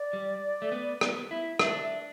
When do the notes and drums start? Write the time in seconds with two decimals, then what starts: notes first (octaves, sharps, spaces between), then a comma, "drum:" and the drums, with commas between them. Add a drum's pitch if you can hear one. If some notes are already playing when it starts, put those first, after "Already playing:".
Already playing: D5
0.13 G3
0.62 A3
0.72 B3
1.01 B3, drum: rim click
1.31 E4
1.59 D4 E5, drum: rim click
1.82 E5